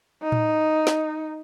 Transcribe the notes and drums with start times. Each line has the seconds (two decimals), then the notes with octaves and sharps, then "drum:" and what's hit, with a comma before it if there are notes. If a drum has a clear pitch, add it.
0.23 D#4
0.32 drum: tom A2
0.87 drum: snare